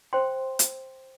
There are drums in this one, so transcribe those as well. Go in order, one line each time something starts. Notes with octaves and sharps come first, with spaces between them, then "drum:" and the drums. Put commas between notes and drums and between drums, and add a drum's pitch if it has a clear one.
C5 G5 C6
drum: hi-hat